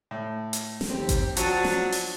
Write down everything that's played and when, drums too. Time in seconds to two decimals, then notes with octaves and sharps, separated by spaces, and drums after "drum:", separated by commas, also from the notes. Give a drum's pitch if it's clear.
0.11 A2
0.53 drum: hi-hat
0.81 drum: snare
0.90 D#2 C4 G4
1.09 drum: kick G#1, hi-hat
1.37 F3 F#3 D4 F#4 A5 D#6, drum: hi-hat
1.64 drum: snare
1.92 drum: open hi-hat